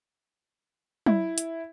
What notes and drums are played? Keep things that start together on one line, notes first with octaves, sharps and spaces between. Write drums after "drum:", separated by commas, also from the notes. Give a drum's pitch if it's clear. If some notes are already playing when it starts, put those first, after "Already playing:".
E4, drum: tom F#3
drum: hi-hat